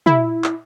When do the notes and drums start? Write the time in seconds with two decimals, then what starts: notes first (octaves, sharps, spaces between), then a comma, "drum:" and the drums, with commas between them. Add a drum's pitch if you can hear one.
0.06 E4, drum: tom
0.44 drum: clap